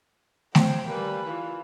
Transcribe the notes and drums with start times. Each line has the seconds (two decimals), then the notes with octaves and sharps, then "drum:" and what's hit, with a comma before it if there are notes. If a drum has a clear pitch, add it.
0.55 F#3 C5 G5, drum: snare A3
0.88 G3 A#3 B4 G#5 B5
1.28 E3 F4